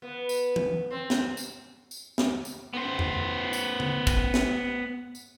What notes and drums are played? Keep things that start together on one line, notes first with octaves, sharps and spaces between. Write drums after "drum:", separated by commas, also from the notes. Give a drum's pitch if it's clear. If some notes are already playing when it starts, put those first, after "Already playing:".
B3
drum: tambourine
drum: tom E3
C4
drum: snare
drum: tambourine
drum: tambourine
drum: snare
drum: tambourine
B3 C5
drum: tom F2
drum: tambourine
drum: tom
drum: kick, tambourine
drum: snare
drum: tambourine